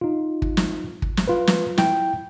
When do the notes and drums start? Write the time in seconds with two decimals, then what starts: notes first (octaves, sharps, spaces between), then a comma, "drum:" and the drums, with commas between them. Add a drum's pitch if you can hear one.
0.01 D#4 F4
0.42 drum: kick
0.57 drum: snare
1.02 drum: kick
1.17 drum: snare
1.28 F4 B4
1.47 drum: snare
1.78 E4 G5, drum: snare